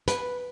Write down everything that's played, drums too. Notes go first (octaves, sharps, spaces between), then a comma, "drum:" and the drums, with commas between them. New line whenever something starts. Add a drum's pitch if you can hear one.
B4, drum: hi-hat